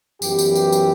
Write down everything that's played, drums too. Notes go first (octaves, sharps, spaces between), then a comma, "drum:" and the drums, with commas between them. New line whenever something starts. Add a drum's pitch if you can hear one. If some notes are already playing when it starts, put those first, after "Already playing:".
F#2 E3 G3 B3 G4, drum: tambourine
drum: tambourine
drum: tambourine
drum: tambourine